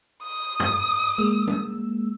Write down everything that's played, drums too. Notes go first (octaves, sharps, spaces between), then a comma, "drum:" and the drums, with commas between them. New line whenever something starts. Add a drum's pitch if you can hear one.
D#6
drum: tom
G#3 A#3 E6
drum: tom